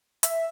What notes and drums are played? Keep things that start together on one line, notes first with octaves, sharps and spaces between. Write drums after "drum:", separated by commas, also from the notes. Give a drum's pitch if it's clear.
E5, drum: hi-hat